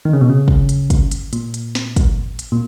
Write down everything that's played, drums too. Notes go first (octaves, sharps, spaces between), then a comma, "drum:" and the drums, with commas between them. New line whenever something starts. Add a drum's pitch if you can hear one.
D#3
C#3
B2
C#3
drum: kick
drum: hi-hat
drum: kick, hi-hat
drum: hi-hat
A#2, drum: hi-hat
drum: hi-hat
drum: snare
drum: kick, hi-hat
drum: hi-hat
A#2